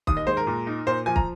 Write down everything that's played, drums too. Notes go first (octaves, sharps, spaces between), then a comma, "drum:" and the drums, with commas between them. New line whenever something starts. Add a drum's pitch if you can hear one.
D#2 D#6, drum: kick
D#5
G#3 C5
A#4
A#2
D#4
A#2 C5
F3 G#5
A#5, drum: kick